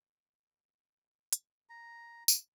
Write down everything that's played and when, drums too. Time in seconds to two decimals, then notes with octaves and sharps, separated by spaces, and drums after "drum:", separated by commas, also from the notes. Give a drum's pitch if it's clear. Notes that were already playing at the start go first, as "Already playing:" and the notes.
1.33 drum: hi-hat
1.69 A#5
2.28 drum: tambourine